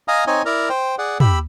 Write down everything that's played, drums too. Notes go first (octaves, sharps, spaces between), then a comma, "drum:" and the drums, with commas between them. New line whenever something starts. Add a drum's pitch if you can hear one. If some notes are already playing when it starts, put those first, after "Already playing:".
D#5 F5 G#5 A#5 D#6
C4 D#4 C#5 D#5 G#5
E4 A#4 D5 A#5
C5 G5
G#4 D5 F#5
G4 B5 E6, drum: tom